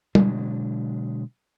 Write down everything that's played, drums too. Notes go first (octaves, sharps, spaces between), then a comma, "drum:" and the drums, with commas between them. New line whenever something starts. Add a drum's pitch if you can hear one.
B2 D3 F#3 G#3 D4, drum: tom